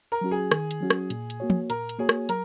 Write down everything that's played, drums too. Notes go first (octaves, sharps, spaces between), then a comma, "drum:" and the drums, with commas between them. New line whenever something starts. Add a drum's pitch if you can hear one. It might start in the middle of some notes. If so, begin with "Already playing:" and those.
A#4
F#3 C#4 F#4
G#4
D#3, drum: rim click
drum: hi-hat
F#3 C#4 F#4
drum: rim click
A#2, drum: hi-hat
drum: hi-hat
A#3 F#4 C#5
drum: tom
A#2 A#4, drum: hi-hat
drum: hi-hat
A#3 F#4 G#4 C#5
drum: rim click
F#3 A#4, drum: hi-hat